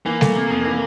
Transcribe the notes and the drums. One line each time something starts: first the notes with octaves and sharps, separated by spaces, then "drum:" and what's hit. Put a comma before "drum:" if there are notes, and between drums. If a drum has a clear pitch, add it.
E3 A#3
A3, drum: snare
C3
F2
E3